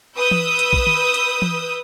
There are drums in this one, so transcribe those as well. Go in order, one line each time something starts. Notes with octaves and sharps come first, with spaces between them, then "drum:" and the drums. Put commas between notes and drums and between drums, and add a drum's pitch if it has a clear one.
B4 D#6 E6 G6
drum: tom E3
drum: hi-hat
drum: kick
drum: tom D#3
drum: hi-hat
drum: tom E3